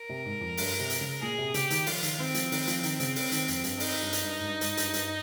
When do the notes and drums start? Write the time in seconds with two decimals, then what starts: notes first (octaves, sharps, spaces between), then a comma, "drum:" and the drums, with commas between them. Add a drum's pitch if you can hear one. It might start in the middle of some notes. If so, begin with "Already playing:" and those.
Already playing: A#4
0.10 C3
0.25 G#2
0.41 F2
0.57 G2, drum: open hi-hat
0.80 C3
0.90 drum: hi-hat
1.01 C#3
1.22 A#2 G#4
1.38 C3
1.54 C#3 G4, drum: hi-hat
1.70 D#3, drum: hi-hat
1.86 F3 F4, drum: open hi-hat
2.03 D#3, drum: hi-hat
2.18 D#3 C4
2.34 F3, drum: hi-hat
2.52 D#3, drum: open hi-hat
2.67 F3, drum: hi-hat
2.83 D#3, drum: hi-hat
3.00 C#3, drum: hi-hat
3.16 drum: open hi-hat
3.32 D#3, drum: hi-hat
3.48 F2, drum: hi-hat
3.64 G2, drum: hi-hat
3.80 D#4, drum: open hi-hat
4.02 G2
4.12 drum: hi-hat
4.23 G2
4.40 G#2
4.45 G2
4.61 G#2, drum: hi-hat
4.77 G2, drum: hi-hat
4.93 G2, drum: hi-hat